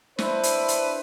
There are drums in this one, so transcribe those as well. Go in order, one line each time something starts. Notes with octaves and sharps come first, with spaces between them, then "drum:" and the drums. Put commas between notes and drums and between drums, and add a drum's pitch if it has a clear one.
D4 E4 B4 C5, drum: snare
drum: hi-hat
drum: hi-hat